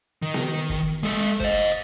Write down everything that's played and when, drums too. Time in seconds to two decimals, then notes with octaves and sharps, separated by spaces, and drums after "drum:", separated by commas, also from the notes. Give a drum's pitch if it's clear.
0.22 D#3
0.34 drum: snare B3
0.69 drum: kick, hi-hat
1.03 G#3 A4
1.40 C5 D#5, drum: kick, hi-hat